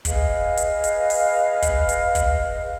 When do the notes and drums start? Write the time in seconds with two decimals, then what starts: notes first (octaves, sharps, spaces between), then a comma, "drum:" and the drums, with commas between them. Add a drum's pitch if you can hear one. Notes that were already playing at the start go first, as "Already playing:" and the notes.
0.05 G#4 B4 D#5 F5, drum: kick, hi-hat
0.57 drum: hi-hat
0.84 drum: hi-hat
1.10 drum: open hi-hat
1.62 drum: kick, hi-hat
1.89 drum: hi-hat
2.15 drum: kick, hi-hat